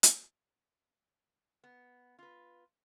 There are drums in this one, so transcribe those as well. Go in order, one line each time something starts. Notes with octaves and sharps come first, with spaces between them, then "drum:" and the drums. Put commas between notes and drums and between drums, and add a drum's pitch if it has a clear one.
drum: hi-hat
B3
F4 B4